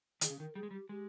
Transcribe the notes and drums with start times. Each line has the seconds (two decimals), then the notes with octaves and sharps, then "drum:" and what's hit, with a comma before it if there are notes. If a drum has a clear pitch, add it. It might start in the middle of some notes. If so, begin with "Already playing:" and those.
0.21 D#3 G#4, drum: hi-hat
0.30 C#3
0.39 D#3 A#4
0.55 G3 G#4
0.63 G#3
0.71 G3 G4
0.89 G#3 G4